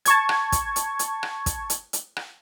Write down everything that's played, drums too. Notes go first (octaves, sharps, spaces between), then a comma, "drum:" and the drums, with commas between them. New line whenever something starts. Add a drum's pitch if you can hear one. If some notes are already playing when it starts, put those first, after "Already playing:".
A5 C#6 G#6, drum: hi-hat
drum: rim click
drum: kick, hi-hat
drum: hi-hat
drum: hi-hat
drum: rim click
drum: kick, hi-hat
drum: hi-hat
drum: hi-hat
drum: rim click